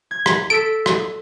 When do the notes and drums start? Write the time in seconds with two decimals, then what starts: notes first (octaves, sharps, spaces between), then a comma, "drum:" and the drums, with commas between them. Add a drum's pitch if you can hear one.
0.11 G#6
0.26 drum: rim click
0.50 A4 E6 B6 D7
0.86 drum: rim click